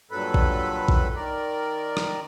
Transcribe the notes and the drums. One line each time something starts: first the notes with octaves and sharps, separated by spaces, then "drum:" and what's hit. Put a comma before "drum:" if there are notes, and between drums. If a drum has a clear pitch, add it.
G2 A#2 F#3 A4 B4 B5
drum: kick A1
drum: kick A1
D#3 A#4 D5
drum: rim click